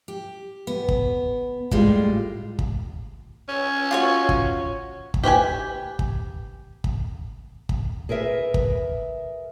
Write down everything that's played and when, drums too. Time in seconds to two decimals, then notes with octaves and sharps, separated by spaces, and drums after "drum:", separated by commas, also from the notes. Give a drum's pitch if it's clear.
0.08 G4
0.67 B3
0.88 drum: kick
1.71 A2 G3 G#3 F4, drum: kick
2.59 drum: kick
3.49 C#4
3.91 F4 F#4 C#5
4.29 drum: kick
5.14 drum: kick
5.23 G4 B4 G5 G#5
5.99 drum: kick
6.84 drum: kick
7.69 drum: kick
8.09 G#4 A#4 B4 E5
8.54 drum: kick